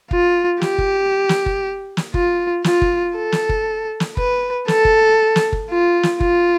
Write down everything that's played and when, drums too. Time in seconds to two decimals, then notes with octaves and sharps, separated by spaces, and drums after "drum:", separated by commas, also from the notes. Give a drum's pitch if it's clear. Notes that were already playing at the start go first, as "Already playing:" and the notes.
0.11 F4, drum: kick
0.61 G4, drum: snare
0.78 drum: kick
1.29 drum: snare
1.46 drum: kick
1.97 drum: snare
2.14 F4, drum: kick
2.64 F4, drum: snare
2.82 drum: kick
3.16 A4
3.32 drum: snare
3.49 drum: kick
4.00 drum: snare
4.17 B4, drum: kick
4.68 A4, drum: snare
4.85 drum: kick
5.36 drum: snare
5.53 drum: kick
5.69 F4
6.03 drum: snare
6.20 F4, drum: kick